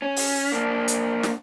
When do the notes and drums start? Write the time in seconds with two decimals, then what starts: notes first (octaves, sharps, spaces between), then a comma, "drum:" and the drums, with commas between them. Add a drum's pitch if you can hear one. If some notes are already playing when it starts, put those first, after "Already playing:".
0.02 C#4
0.16 drum: open hi-hat
0.52 A#3 D4
0.88 drum: hi-hat
1.23 drum: snare